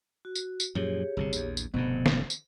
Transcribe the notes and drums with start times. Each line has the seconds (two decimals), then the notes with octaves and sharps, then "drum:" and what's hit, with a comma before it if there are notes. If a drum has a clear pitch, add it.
0.25 F#4
0.35 drum: tambourine
0.60 drum: tambourine
0.75 F#2 A#2 F3 G4 G#4 C#5
1.17 G1 C2 C3
1.33 A#1 E2, drum: tambourine
1.57 drum: tambourine
1.74 F1 G2 B2 D3 C5
2.06 drum: snare
2.30 drum: tambourine